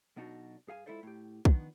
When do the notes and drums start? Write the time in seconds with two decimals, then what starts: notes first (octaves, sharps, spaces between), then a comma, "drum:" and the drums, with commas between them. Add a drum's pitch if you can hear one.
0.16 B1 B2 D4 D#4 F#4
0.67 G2 G#4 F5 G#5
0.86 G#3 E4 F4 A4 C5 D5
1.03 A2 G4
1.45 D#3 F3 G#3 A#3 B3 D4, drum: kick